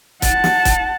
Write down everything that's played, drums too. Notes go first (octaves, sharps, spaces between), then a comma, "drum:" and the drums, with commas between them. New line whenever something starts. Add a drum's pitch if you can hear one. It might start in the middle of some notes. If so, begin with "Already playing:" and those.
F#5 A5, drum: kick, hi-hat
drum: snare
drum: kick, hi-hat